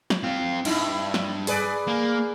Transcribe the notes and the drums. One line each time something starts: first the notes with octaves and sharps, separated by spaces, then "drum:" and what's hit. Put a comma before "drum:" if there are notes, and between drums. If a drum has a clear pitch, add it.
drum: snare
C4 F4
G2 D#4 E4, drum: cymbal
drum: snare
G#4 B4 D5, drum: open hi-hat
A#3